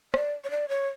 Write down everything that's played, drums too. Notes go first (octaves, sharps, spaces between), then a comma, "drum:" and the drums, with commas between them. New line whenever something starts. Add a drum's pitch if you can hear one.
D5, drum: rim click
C#5
D5
C#5